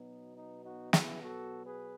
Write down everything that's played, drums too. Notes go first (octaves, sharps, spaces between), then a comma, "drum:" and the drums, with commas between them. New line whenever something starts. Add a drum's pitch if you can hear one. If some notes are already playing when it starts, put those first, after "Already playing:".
Already playing: B2 F#3 B3 D#4
D#4
D#4 F#4
E4 G#4, drum: snare
F#4 A4
G#4 B4